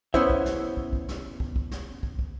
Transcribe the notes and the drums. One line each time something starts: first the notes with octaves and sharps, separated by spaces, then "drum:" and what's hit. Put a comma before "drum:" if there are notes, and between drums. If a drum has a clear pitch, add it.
B3 C#4 E4 C5 E5, drum: kick
drum: kick
drum: snare
drum: kick
drum: kick
drum: snare
drum: kick
drum: kick
drum: snare
drum: kick
drum: kick